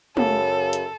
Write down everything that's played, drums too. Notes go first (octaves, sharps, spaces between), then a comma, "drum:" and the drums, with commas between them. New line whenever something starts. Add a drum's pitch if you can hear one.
F#2 C#3 A4, drum: tom
drum: hi-hat